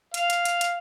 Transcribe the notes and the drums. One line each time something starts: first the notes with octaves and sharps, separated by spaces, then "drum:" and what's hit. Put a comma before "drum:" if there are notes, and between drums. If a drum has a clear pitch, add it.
F5, drum: hi-hat
drum: hi-hat
drum: hi-hat
drum: hi-hat